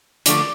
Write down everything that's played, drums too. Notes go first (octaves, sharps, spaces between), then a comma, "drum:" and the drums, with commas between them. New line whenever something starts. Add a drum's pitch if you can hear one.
D3 F3 A3 D5, drum: hi-hat